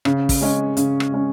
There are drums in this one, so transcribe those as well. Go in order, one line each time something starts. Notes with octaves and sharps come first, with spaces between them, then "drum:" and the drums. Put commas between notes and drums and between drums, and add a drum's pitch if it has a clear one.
C#3, drum: rim click
drum: kick, open hi-hat
G#3 C#4
C#3, drum: hi-hat
drum: rim click
G#3 C#4